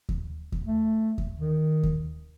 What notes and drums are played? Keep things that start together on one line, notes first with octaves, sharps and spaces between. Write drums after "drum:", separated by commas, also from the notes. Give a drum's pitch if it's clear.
drum: kick D#2
drum: kick D#2
A3
drum: kick D#2
D#3
drum: kick D#2